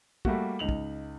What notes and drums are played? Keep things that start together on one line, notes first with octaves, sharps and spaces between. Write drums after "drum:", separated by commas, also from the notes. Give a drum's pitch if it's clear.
G3 A3 A#3 F#4, drum: kick
C#2 D#4 F7 F#7
drum: kick